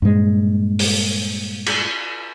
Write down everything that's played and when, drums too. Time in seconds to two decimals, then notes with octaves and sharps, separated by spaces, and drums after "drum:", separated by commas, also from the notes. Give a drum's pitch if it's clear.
0.02 G2 A#2 G#3
0.79 drum: open hi-hat
1.66 drum: cymbal